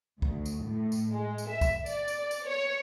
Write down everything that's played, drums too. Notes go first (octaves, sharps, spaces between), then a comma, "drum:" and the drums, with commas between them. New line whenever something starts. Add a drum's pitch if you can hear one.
D2, drum: kick B1
drum: tambourine
A2
drum: tambourine
G#3
drum: tambourine
E5
drum: kick B1, tambourine
D5, drum: tambourine
drum: tambourine
drum: tambourine
C#5